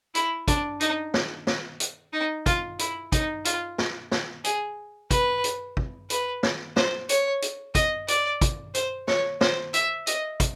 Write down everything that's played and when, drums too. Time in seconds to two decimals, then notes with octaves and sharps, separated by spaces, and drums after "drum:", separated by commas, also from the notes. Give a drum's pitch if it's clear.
0.15 E4, drum: hi-hat
0.48 D4, drum: kick, hi-hat
0.81 D#4, drum: hi-hat
1.14 drum: snare
1.47 drum: snare
1.80 drum: hi-hat
2.13 D#4
2.46 F4, drum: kick, hi-hat
2.79 E4, drum: hi-hat
3.12 D#4, drum: kick, hi-hat
3.45 F4, drum: hi-hat
3.78 drum: snare
4.11 drum: snare
4.44 G#4, drum: hi-hat
5.11 B4, drum: kick, hi-hat
5.44 drum: hi-hat
5.77 drum: kick
6.10 B4, drum: hi-hat
6.43 drum: snare
6.76 C5, drum: snare
7.09 C#5, drum: hi-hat
7.42 drum: hi-hat
7.75 D#5, drum: kick, hi-hat
8.08 D5, drum: hi-hat
8.41 drum: kick, hi-hat
8.74 C5, drum: hi-hat
9.08 C#5, drum: snare
9.41 C5, drum: snare
9.74 E5, drum: hi-hat
10.07 D#5, drum: hi-hat
10.40 drum: kick, hi-hat